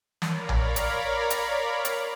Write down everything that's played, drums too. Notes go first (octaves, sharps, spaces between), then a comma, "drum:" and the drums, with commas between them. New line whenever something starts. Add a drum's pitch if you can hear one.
A#4 C#5 D5 F5 A#5 B5, drum: snare
drum: tom A#1
drum: hi-hat
drum: hi-hat
drum: hi-hat